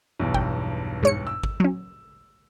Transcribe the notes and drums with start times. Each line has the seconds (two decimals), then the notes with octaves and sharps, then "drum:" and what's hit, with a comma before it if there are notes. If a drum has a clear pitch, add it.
0.19 B1 E2 G2
0.34 G5, drum: kick
1.03 G#2 C#5 C#7
1.27 E6
1.43 drum: kick
1.60 F#3 C#4